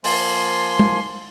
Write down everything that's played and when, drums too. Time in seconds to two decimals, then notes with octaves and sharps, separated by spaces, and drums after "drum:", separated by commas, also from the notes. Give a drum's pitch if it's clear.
0.04 F3 A#3 G#5 C6, drum: open hi-hat
0.79 drum: tom